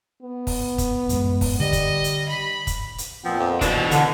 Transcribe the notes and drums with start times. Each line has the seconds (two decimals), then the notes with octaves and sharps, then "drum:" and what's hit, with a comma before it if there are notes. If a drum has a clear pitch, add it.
0.22 B3
0.47 drum: kick, open hi-hat
0.78 drum: kick, hi-hat
1.09 A1 F#2 G#3, drum: hi-hat
1.41 drum: kick, open hi-hat
1.60 D3 G3 D#5
1.73 drum: kick, hi-hat
2.04 drum: hi-hat
2.28 B5
2.67 drum: kick, hi-hat
2.98 drum: hi-hat
3.24 A#2 F3 B3 C4
3.40 F2
3.61 B2 E3 F3 D4, drum: kick, hi-hat
3.91 D3 B4, drum: hi-hat